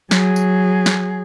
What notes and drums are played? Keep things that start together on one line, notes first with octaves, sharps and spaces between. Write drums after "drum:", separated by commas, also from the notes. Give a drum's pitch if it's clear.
F#3 G#4, drum: snare
drum: tambourine
drum: snare